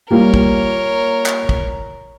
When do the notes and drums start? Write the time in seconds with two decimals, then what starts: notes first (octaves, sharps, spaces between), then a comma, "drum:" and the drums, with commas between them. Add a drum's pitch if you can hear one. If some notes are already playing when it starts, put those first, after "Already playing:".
0.11 G3 A#3 F4 A#4 C#5
0.34 drum: kick
1.26 drum: clap
1.49 drum: kick